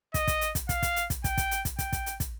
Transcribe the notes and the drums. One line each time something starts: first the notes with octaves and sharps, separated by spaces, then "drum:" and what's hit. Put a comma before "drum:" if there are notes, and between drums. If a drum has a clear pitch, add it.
D#5, drum: kick, hi-hat
drum: kick, hi-hat
drum: hi-hat
drum: kick, hi-hat
F5, drum: kick, hi-hat
drum: kick, hi-hat
drum: hi-hat
drum: kick, hi-hat
G5, drum: kick, hi-hat
drum: kick, hi-hat
drum: hi-hat
drum: kick, hi-hat
G5, drum: kick, hi-hat
drum: kick, hi-hat
drum: hi-hat
drum: kick, hi-hat